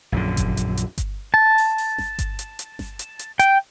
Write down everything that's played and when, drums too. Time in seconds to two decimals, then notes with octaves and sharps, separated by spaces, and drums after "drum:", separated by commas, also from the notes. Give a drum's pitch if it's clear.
0.12 A#1 F#2 D3
0.37 drum: kick G1, hi-hat
0.57 drum: hi-hat
0.77 drum: hi-hat
0.98 drum: kick G1, hi-hat
1.34 A5
1.58 drum: open hi-hat
1.78 drum: open hi-hat
1.98 drum: snare G1
2.19 drum: kick G1, hi-hat
2.39 drum: hi-hat
2.59 drum: hi-hat
2.79 drum: snare G1
2.99 drum: hi-hat
3.19 drum: hi-hat
3.39 G5, drum: hi-hat